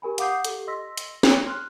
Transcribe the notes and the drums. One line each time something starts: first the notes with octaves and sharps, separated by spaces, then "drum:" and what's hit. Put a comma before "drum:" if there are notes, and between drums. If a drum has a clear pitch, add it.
G4 A#4 G#5 B5
F5 F#5 D6 D#6 G6 C7, drum: hi-hat
G4 A4, drum: hi-hat
D#5 C6 E6 A#6 B6
drum: hi-hat
C#5, drum: snare
C6 F6 F#6